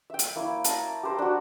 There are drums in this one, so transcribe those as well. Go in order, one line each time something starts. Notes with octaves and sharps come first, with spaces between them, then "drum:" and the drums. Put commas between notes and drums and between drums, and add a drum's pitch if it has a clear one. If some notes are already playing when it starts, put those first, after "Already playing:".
E5 G5
drum: hi-hat
A#3 E4 C#5
A5 A#5, drum: hi-hat
G4 A#4 C5
D4 F#4